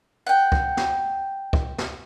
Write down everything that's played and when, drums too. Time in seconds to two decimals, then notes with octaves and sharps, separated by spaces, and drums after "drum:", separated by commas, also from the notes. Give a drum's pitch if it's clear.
0.27 F#5 G5
0.52 drum: kick C#2
0.77 drum: snare
1.53 drum: kick C#2
1.78 drum: snare